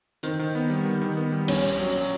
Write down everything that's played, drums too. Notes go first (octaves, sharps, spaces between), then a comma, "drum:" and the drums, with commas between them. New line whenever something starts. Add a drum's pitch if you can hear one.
D#3 C4, drum: hi-hat
D#3
B3
G3
D#3
D#3
B3
G3
A#1 C#4, drum: cymbal
A#1
F#3
A#2